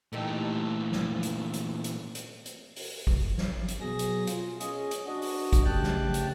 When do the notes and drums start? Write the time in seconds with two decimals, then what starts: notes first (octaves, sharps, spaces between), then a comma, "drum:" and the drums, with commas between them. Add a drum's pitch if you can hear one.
0.13 A#2 E3 A3 D#4 G4
0.92 drum: snare
1.23 drum: hi-hat
1.53 drum: hi-hat
1.84 drum: hi-hat
2.15 drum: hi-hat
2.46 drum: hi-hat
2.76 drum: open hi-hat
3.07 drum: kick
3.38 drum: snare
3.68 drum: hi-hat
3.81 B2 F#3 G#4 A#6
3.99 drum: hi-hat
4.27 F4, drum: hi-hat
4.60 C#4 G#4 D#5, drum: hi-hat
4.91 drum: hi-hat
5.06 D4 F#4 D#5
5.22 drum: open hi-hat
5.53 drum: kick, hi-hat
5.65 C#3 A3 G4 G5 A5 F#6
5.83 drum: snare
6.14 drum: hi-hat